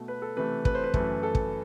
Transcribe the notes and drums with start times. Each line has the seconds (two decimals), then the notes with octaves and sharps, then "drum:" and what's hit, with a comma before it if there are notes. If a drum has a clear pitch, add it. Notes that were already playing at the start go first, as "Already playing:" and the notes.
Already playing: B2 A3
0.08 B4
0.22 A4
0.36 C3 E3 A3 B4
0.65 B4, drum: kick
0.75 C5
0.84 B4
0.94 F#2 E3 A3, drum: kick
1.23 A4
1.35 drum: kick